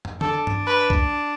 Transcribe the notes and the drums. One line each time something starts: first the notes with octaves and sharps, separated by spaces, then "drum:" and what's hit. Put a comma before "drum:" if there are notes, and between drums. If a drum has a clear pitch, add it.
drum: tom
D4 A4, drum: tom D3
drum: tom
B4
drum: kick C2